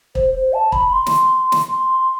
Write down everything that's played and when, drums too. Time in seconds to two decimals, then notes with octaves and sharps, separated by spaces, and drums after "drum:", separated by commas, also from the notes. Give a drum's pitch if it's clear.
0.15 C5, drum: kick
0.34 C5
0.53 A5
0.72 B5, drum: kick
0.93 C6
1.06 drum: snare
1.52 drum: snare
1.68 C6